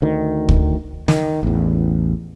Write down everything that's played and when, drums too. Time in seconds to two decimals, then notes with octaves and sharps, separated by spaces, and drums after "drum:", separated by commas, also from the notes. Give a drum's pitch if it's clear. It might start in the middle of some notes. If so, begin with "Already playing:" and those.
0.02 D2 D#3
0.49 drum: kick
1.08 D#3, drum: snare
1.43 A1 E2